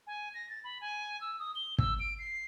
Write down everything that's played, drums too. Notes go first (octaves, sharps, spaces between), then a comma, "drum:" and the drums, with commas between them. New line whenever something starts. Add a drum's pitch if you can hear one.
G#5
A#6
A6
B5
G#5
E6
D#6
G7
E6, drum: kick
D7
C7